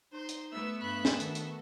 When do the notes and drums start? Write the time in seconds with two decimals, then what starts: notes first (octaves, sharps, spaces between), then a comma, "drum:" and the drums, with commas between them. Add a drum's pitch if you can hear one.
0.13 D#4 C5 C6
0.29 drum: hi-hat
0.52 A3 B3 E5 E6
0.81 G2 B5 F#6
1.05 drum: snare
1.20 D#3 D4 F#4 A4, drum: hi-hat
1.35 drum: hi-hat